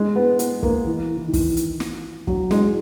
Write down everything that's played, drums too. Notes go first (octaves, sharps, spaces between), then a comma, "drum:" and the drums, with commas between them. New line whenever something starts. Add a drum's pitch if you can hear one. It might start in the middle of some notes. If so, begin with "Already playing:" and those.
Already playing: G#3
B3
B3, drum: hi-hat
A#3, drum: kick
E3
E3
D#3
E3, drum: kick, open hi-hat
drum: hi-hat
drum: snare
F#3, drum: kick
G#3, drum: snare